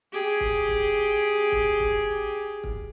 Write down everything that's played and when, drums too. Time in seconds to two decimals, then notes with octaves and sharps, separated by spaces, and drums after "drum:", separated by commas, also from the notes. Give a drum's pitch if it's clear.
0.13 G4 G#4
0.40 drum: kick
0.68 drum: kick
1.52 drum: kick
1.80 drum: kick
2.64 drum: kick